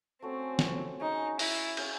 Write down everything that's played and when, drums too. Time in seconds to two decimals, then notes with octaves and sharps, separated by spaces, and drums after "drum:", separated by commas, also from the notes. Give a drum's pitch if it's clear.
0.22 A3 C4 C#4 F#4 A4
0.59 drum: snare
1.00 C#4 D#4 G#4 C#5
1.39 E4, drum: open hi-hat
1.77 C#4 G#4 C#5, drum: cymbal